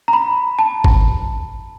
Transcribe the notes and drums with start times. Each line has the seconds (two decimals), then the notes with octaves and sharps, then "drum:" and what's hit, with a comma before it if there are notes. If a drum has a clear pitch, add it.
0.08 A#5
0.13 B5
0.59 A5
0.84 drum: kick G#1